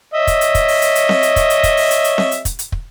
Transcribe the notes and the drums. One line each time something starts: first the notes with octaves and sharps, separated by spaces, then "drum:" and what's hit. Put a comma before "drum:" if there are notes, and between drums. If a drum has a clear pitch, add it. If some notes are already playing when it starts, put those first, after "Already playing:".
C#5 D#5 E5
drum: kick, hi-hat
drum: hi-hat
drum: kick, hi-hat
drum: open hi-hat
drum: hi-hat
drum: hi-hat
drum: snare C4
drum: hi-hat
drum: kick, hi-hat
drum: hi-hat
drum: kick, hi-hat
drum: open hi-hat
drum: hi-hat
drum: hi-hat
drum: snare C4
drum: hi-hat
drum: kick, hi-hat
drum: hi-hat
drum: kick